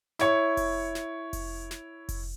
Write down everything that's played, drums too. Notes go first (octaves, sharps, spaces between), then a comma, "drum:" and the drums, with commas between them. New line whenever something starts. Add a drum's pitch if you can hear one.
E4 C#5 C#6, drum: snare
drum: kick F1, open hi-hat
drum: snare
drum: kick F1, open hi-hat
drum: snare
drum: kick F1, open hi-hat